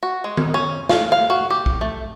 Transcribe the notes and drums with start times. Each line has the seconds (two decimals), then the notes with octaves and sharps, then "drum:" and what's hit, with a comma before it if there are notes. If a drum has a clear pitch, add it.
0.03 F#4
0.24 G#3
0.37 drum: tom D#3
0.54 C#4
0.89 F5, drum: snare
1.12 F5
1.30 F#4
1.50 G4
1.66 drum: kick
1.81 A3